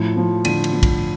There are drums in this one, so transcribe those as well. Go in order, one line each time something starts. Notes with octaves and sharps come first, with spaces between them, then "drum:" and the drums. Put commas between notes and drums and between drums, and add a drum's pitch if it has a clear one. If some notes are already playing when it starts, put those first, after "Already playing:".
Already playing: A2 F3
F3
D3 D#7, drum: cymbal
drum: cymbal
F3
drum: kick, cymbal